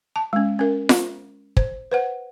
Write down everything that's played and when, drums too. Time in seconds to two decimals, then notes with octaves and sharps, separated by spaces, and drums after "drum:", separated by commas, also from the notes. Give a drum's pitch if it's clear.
0.16 A5
0.33 G#3 C#4
0.59 C#4 A#4
0.89 drum: snare F4
1.57 C5, drum: kick
1.91 B4 C5 F#5